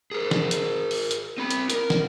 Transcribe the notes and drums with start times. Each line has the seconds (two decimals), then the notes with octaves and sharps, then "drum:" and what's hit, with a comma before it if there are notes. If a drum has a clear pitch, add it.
0.11 G#4 A#4
0.31 drum: snare
0.51 drum: hi-hat
0.91 drum: open hi-hat
1.11 drum: hi-hat
1.38 C4 B5
1.50 drum: hi-hat
1.70 A#4, drum: hi-hat
1.90 drum: snare